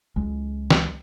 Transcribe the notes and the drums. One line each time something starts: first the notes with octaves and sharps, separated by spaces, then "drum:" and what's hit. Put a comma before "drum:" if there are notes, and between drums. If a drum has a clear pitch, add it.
C#2 F#3 G#3
drum: snare